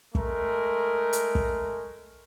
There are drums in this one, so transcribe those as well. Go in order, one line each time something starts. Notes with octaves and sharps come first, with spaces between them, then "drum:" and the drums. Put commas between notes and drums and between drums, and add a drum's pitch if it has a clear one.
G#3 A3 A#4, drum: kick
drum: hi-hat
drum: kick